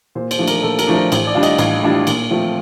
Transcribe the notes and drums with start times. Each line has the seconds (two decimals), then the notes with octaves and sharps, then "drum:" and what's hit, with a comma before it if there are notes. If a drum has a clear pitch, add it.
0.15 A#2 C5
0.31 C5, drum: cymbal
0.39 F3 A3 D4
0.47 A#4, drum: cymbal
0.63 A#2 A4
0.79 A#4, drum: cymbal
0.87 F3 A3 D4
0.95 A#4
1.12 A1 C5, drum: cymbal
1.27 D5
1.35 A2 G3 D4 F4
1.43 D#5, drum: cymbal
1.58 A1 F5, drum: cymbal
1.83 A2 G3 D4 F4
2.07 A#2, drum: cymbal
2.31 F3 A3 C4 F4